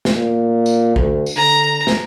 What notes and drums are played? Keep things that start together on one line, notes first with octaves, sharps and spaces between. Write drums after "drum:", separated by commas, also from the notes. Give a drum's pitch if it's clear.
drum: snare
A#2
drum: tambourine
D2, drum: kick
drum: tambourine
D3 A#5
drum: snare